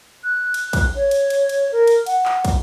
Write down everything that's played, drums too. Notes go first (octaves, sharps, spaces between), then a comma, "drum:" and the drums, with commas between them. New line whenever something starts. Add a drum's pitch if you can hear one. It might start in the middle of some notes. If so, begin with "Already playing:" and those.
F#6
drum: cymbal
drum: kick, cymbal
C#5
drum: cymbal
drum: cymbal
drum: cymbal
A#4
drum: cymbal
F#5, drum: cymbal
drum: clap
drum: kick, cymbal